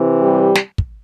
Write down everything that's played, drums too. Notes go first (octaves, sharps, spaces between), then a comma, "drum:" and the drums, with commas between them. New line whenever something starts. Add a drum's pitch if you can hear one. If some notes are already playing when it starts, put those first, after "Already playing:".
Already playing: C3 E3
G3
drum: snare
drum: kick